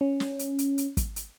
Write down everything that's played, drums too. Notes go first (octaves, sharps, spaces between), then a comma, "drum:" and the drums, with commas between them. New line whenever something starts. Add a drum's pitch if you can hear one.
C#4
drum: snare
drum: hi-hat
drum: hi-hat
drum: hi-hat
drum: kick, hi-hat
drum: hi-hat